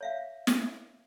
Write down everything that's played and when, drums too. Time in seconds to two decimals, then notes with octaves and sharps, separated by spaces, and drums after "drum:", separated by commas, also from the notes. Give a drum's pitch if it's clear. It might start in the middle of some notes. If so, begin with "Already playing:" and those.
0.01 C#5 E5 F5
0.47 drum: snare